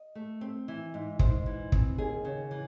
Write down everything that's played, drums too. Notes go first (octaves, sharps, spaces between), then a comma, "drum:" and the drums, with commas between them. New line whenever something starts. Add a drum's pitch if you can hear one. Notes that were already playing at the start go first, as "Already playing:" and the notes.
Already playing: D#5
A3
C4
E3
G#2
G#2 C5, drum: kick
E3
C4, drum: kick
D#2 G#4
C#3
E3